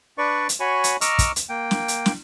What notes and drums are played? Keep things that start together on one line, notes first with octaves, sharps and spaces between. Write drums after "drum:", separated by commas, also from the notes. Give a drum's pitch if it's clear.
D4 B4 D5 C#6
drum: hi-hat
F#4 C#5 G#5 B5 C#6
drum: hi-hat
D#5 A#5 C#6 D6 E6 F6, drum: hi-hat
drum: kick, hi-hat
drum: hi-hat
A#3 G5
drum: snare
drum: hi-hat
drum: snare